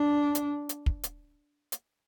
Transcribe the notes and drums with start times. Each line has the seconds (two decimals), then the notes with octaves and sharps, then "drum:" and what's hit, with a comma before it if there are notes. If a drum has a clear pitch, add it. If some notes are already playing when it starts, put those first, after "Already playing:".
Already playing: D4
0.35 drum: hi-hat
0.69 drum: hi-hat
0.86 drum: kick
1.03 drum: hi-hat
1.72 drum: hi-hat